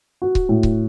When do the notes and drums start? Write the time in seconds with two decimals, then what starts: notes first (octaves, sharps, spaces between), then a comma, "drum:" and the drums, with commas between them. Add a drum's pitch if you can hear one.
0.22 F#4
0.35 drum: kick C#1
0.49 A2
0.63 drum: kick C#1